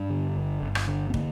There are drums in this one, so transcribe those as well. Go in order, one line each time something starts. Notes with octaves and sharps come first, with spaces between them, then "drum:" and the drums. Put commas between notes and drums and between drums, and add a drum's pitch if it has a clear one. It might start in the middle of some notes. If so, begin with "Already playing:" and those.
Already playing: G2 D4
D3
G1
G1
drum: rim click
D3
C4
D3 A#3, drum: kick